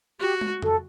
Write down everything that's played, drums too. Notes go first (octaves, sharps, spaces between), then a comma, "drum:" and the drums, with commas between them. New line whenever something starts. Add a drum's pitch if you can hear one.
F#4 G4
drum: tom
A4, drum: tom F2